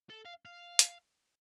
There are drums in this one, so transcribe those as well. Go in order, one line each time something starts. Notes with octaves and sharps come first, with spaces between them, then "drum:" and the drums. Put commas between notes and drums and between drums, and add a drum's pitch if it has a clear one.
A4
F5
F5
drum: hi-hat